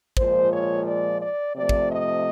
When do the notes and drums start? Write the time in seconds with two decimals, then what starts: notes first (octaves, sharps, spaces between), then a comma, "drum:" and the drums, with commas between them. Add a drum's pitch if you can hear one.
0.17 A#2 F3 G#3 C5, drum: kick
0.52 C#5
0.86 D5
1.21 D5
1.55 C3 F3 A3 D5
1.69 drum: kick
1.90 D#5